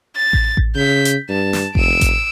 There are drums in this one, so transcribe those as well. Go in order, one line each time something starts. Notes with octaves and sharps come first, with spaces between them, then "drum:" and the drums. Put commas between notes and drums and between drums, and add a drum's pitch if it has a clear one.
A6
drum: kick A1
drum: kick A1
C#3 G6 B6
drum: hi-hat
G2 A5
drum: snare
F1 E6 D7, drum: kick A1
drum: kick A1, hi-hat